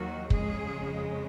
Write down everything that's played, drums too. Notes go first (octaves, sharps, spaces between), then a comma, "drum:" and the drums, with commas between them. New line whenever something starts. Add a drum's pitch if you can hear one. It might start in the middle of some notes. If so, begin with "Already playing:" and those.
Already playing: D#2 D#3 F#3 F#4
F2 C#3 G#3 G#4, drum: kick